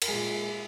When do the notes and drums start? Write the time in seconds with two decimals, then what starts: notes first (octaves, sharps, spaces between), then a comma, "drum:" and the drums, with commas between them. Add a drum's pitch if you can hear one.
0.02 A#4, drum: cymbal
0.08 A#2 G#3 G#4